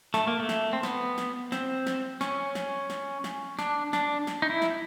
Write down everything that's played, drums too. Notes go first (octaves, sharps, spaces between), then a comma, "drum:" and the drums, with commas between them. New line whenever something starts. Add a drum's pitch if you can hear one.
A3, drum: snare
A#3
A3
drum: snare
C4
B3, drum: snare
drum: snare
C4, drum: snare
drum: snare
C#4, drum: snare
drum: snare
drum: snare
drum: snare
D4, drum: snare
D4, drum: snare
drum: snare
D#4
E4
drum: snare